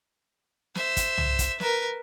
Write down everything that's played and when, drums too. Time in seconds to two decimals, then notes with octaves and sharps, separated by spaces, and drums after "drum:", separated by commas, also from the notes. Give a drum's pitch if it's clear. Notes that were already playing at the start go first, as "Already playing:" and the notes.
0.75 C5 E5, drum: snare
0.97 drum: kick, hi-hat
1.18 drum: tom C2
1.39 drum: kick, hi-hat
1.60 A#4 B4, drum: snare